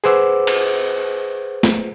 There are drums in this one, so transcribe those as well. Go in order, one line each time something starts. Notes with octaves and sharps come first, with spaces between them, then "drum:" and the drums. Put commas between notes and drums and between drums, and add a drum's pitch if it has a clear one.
G#4 B4 C5 F#5 D6 E6
drum: cymbal
drum: snare A3